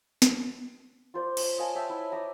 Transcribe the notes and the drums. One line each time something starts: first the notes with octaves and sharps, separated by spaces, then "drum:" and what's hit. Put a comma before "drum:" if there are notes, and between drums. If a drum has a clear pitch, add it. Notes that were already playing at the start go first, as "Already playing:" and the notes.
drum: snare
F4 C5 D5
C#5 C#6, drum: cymbal
D#5 F5 G#5 A5
C#5 E5 G5 A5
E4
D5 D#5 A#5